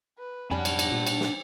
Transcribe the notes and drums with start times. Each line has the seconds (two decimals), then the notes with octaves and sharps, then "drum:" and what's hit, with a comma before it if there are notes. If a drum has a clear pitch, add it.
0.18 B4
0.51 B1 F2 G3 D4 F#5 G#5 A5 B5
0.65 drum: cymbal
0.79 drum: cymbal
0.92 A#2
1.07 drum: cymbal
1.20 drum: snare